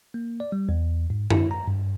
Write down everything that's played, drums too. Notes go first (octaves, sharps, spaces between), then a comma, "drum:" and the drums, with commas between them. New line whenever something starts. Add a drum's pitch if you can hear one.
A#3
D5
G3
E2
G#2
E4, drum: tom F#2
A#5
G2